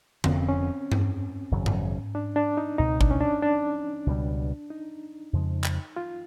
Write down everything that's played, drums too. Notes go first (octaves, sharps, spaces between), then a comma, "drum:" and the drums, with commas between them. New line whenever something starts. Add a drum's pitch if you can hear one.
F1 F2 D3 F3 C#4, drum: tom D3
C4
C#4
drum: tom G2
G#1 F#2 C#3 F#3
drum: tom G#2
D4
D4
D#4
C#2 B2 G#3 C4 D#4
D4, drum: kick G#1
C#4
D4
D4
C#2 B2 G3
D#4
F2 C#3 F3 G#3
drum: clap
F4